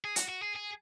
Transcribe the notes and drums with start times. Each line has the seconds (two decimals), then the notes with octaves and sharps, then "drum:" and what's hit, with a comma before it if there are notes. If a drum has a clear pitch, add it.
0.05 G#4
0.16 F#4, drum: hi-hat
0.29 F#4
0.42 G#4
0.56 G#4